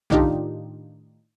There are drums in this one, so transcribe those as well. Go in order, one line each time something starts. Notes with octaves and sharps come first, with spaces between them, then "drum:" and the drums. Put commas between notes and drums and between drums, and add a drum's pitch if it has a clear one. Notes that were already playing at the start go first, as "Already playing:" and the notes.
A2 D#3 D4 D#4 F4 G4, drum: tom B1